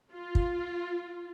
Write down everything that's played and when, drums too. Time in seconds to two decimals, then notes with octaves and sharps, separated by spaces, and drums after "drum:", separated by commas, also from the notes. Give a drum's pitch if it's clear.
0.13 F4
0.35 drum: kick